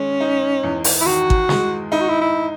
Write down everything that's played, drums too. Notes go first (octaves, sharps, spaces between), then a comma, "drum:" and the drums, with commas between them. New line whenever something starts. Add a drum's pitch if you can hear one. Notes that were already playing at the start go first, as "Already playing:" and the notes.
Already playing: D#3 G#3 C#4
D#4
E2
drum: open hi-hat
E4
D#3 F#4
drum: kick
G#3, drum: snare
D#4 E4
F#4
E4
E4